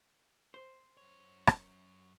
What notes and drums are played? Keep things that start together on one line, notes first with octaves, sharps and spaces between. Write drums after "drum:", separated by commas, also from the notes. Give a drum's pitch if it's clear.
C5
F#2 C#5
drum: rim click